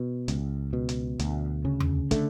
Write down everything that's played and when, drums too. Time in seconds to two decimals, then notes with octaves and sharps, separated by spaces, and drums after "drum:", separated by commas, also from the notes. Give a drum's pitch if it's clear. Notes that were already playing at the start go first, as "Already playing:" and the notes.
Already playing: B2
0.28 C#2, drum: hi-hat
0.73 B2
0.89 drum: hi-hat
1.19 D2, drum: hi-hat
1.65 C#3
1.80 drum: tom E2
2.11 D3 A3, drum: kick, hi-hat